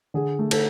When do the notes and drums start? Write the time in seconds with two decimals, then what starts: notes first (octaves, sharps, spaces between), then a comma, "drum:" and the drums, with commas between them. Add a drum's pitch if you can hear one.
0.14 D3 G#4
0.39 A3
0.51 A4, drum: cymbal